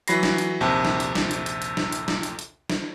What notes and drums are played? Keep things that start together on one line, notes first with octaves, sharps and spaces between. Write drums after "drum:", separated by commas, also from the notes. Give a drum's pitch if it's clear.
E3 F#3 B5 A#6 C7, drum: hi-hat
drum: snare
drum: hi-hat
A#1 D#2 C3 A5
drum: snare
drum: hi-hat
drum: snare
drum: hi-hat
drum: hi-hat
drum: hi-hat
drum: snare
drum: hi-hat
drum: snare
drum: hi-hat
drum: hi-hat
drum: snare